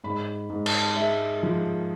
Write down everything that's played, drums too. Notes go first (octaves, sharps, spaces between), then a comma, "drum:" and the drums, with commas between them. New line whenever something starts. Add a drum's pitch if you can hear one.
G#2 B5
G#2
A5, drum: cymbal
G#3 E5
F3